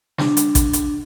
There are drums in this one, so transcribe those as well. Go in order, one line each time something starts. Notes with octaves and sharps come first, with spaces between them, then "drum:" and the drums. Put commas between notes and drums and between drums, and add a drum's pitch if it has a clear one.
D4, drum: snare
drum: hi-hat
drum: kick A1, hi-hat
drum: hi-hat